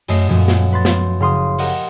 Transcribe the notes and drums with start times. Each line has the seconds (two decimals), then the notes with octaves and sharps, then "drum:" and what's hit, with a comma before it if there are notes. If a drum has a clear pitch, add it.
0.08 F#2 A3 D#5 C7, drum: open hi-hat
0.28 F#2 A#2 F3 F#3
0.48 drum: snare
0.72 B4 C6 A6
0.85 drum: snare
1.20 F#1 F5 C6 D#6
1.59 G4 A#4 D#5 F#5, drum: open hi-hat